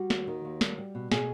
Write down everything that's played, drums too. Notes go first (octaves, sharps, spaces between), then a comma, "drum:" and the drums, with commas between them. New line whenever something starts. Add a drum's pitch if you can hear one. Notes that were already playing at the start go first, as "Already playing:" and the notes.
Already playing: G3 F#4
D#2, drum: snare
D#3
D#2
G3, drum: snare
G3
B2
B2 G#4, drum: snare